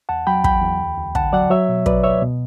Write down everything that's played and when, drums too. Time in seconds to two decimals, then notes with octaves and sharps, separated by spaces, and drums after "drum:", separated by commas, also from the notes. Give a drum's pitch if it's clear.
0.09 E2 F#5 A5
0.27 F#3 G5 B5
0.44 E2 G5 B5, drum: kick
0.62 E2
0.80 D2
0.97 D2
1.15 D3 F#5 A5, drum: kick
1.33 F#3 D5 F#5
1.50 F#3 C#5 E5
1.69 B2
1.86 F#3 B4 D5, drum: kick
2.04 C#2 C#5 E5
2.22 B2